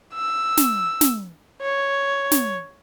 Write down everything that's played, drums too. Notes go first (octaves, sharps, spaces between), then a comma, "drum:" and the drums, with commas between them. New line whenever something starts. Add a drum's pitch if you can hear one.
E6
drum: snare
drum: snare
C#5
drum: snare